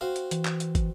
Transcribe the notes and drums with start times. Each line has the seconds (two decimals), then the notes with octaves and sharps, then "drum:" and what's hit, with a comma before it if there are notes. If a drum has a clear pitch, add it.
0.01 C4 F#4 F5
0.16 drum: hi-hat
0.31 E3, drum: hi-hat
0.45 drum: clap
0.60 drum: hi-hat
0.75 drum: kick, hi-hat